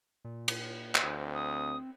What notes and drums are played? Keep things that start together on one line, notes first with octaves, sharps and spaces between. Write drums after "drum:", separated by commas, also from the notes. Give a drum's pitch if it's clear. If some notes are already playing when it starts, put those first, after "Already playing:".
A#2
drum: cymbal
drum: clap
D2 C4
D#6